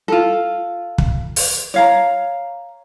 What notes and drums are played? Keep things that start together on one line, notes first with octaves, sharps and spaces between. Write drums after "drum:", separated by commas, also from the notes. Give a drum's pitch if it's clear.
F4 A4
drum: kick
drum: open hi-hat
C#5 F5 A#5